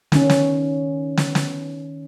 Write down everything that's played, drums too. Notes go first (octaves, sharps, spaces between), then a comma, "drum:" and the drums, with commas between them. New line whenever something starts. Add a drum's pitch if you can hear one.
D#3 C#4, drum: snare
drum: snare
drum: snare
drum: snare